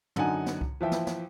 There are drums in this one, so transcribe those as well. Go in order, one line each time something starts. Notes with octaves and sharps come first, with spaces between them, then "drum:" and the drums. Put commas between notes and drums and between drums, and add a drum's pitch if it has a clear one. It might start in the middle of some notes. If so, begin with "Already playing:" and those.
F#2 D3 D#4 F#5 G#5, drum: tom
drum: snare
drum: kick C2
E3 F3 E5 G5
drum: snare
drum: snare